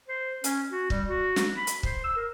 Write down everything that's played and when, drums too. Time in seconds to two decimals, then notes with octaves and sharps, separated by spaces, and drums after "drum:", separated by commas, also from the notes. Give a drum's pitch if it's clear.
0.08 C5
0.44 C#4, drum: hi-hat
0.72 F#4
0.90 G3, drum: kick
1.09 F#4
1.36 drum: snare
1.56 B5
1.67 drum: hi-hat
1.83 C5, drum: kick
2.04 E6
2.16 A#4